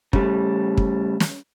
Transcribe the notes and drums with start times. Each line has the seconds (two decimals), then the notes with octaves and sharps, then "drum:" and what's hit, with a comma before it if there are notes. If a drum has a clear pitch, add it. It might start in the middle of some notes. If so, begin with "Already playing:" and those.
0.13 C#3 G3 A3, drum: kick
0.77 drum: kick
1.20 drum: snare